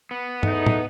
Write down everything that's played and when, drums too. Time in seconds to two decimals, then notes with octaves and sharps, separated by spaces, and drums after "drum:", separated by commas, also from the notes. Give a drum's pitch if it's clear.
0.11 B3
0.43 E2 A3 D#4, drum: tom G2
0.66 drum: tom